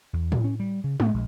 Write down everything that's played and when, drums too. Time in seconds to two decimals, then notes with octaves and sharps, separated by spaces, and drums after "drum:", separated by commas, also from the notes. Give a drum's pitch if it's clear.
0.13 E2
0.32 drum: tom A2
0.44 C#4
0.60 G3
0.84 C#3
1.00 A2, drum: tom G#3
1.14 A#1